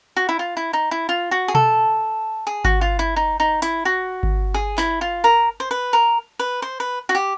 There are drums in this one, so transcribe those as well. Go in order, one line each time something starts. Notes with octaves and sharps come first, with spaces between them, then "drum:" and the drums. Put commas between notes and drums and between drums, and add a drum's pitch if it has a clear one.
F#4
E4
F4
E4
D#4
E4
F4
F#4
G#4
A4, drum: tom B2
G#4
F#4, drum: kick G#1
F4
E4
D#4
D#4
E4, drum: hi-hat
F#4
drum: kick G#1
G#4
E4, drum: clap
F4
A#4
C5
B4
A#4
B4
C5
B4
F#4
G4